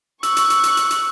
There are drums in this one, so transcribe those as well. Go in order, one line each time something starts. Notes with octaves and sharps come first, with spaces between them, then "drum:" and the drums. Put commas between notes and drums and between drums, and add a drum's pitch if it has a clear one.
C#6 E6 F#6, drum: hi-hat
drum: hi-hat
drum: hi-hat
drum: hi-hat
drum: hi-hat
drum: hi-hat